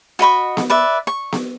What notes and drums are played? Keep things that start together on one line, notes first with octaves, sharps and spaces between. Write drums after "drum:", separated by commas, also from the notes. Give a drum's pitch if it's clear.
F#4 D#5 B5 C#6
drum: snare B3
B4 D5 E5
C#6
drum: snare B3